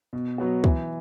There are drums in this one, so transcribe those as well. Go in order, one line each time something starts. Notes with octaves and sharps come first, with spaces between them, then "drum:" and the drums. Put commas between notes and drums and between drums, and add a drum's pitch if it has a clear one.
B2
F#3 B3 F#4
E3, drum: kick